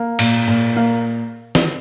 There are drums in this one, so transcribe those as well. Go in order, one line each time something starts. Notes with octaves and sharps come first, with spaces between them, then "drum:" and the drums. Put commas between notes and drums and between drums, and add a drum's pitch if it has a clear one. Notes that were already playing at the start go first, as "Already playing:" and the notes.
Already playing: A#3
A#2, drum: cymbal
A#2
A#3 F5
drum: snare